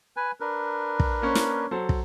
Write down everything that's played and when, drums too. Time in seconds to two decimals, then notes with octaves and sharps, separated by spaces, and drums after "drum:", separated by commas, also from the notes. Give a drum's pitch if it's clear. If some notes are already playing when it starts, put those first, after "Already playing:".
0.17 B4 G#5
0.40 D4 A#4 B4
1.00 drum: kick
1.22 A#3 C#4 C5
1.35 drum: snare
1.71 F#3 A4 C5
1.89 drum: kick